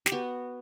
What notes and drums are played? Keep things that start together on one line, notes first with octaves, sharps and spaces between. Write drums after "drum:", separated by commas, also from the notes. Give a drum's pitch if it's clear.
G4, drum: snare
B3 F#4